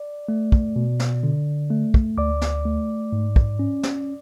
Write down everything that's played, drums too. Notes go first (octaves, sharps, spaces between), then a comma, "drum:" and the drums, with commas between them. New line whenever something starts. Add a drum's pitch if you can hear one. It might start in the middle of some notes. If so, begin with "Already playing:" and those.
Already playing: D5
A3
drum: kick
B2
drum: snare
D3
A3
drum: kick
D2 D5 D6
drum: snare
A3
G#2
drum: kick
C#4
drum: snare